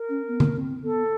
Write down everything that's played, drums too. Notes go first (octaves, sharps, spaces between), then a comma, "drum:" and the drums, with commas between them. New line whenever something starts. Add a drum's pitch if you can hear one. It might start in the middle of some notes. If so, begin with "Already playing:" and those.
Already playing: A#4
C#4
B3
drum: tom D3
C4
B3 A4